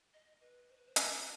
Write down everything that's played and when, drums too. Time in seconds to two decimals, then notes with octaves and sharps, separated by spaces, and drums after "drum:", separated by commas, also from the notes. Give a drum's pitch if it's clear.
0.14 D#5
0.41 B4
0.69 C5
0.77 B4
0.86 C5
0.96 E5, drum: hi-hat